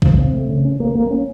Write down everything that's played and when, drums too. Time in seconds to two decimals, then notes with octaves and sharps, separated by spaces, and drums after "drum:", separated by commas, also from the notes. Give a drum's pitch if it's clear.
0.02 C#3, drum: kick B1
0.18 C4
0.33 A3
0.49 C#3
0.65 C#4
0.80 A#3
0.95 A#3
1.11 C#4